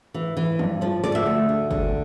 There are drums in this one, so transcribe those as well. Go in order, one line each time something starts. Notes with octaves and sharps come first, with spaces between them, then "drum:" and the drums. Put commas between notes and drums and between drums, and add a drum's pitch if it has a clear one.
E3
E3
G2, drum: tom E3
F3 D5
D3 D5
E5
D2
D3
D3, drum: kick G1